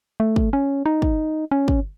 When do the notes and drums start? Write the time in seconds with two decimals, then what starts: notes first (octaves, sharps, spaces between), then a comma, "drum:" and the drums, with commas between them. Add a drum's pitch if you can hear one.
0.20 A3
0.36 drum: kick
0.53 C#4
0.86 D#4
1.02 drum: kick
1.51 C#4
1.68 drum: kick